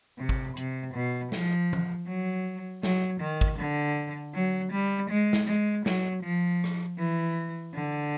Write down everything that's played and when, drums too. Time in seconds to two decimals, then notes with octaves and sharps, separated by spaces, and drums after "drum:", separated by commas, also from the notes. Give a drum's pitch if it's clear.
0.18 C3
0.29 drum: kick
0.57 C3, drum: hi-hat
0.94 B2
1.32 F3, drum: snare
1.73 drum: tom E3
2.07 F#3
2.83 F#3, drum: snare
3.21 D#3
3.41 drum: kick
3.59 D3
4.35 F#3
4.72 G3
5.10 G#3
5.33 drum: snare
5.48 G#3
5.86 F#3, drum: snare
6.23 F3
6.64 drum: rim click
6.99 E3
7.75 D3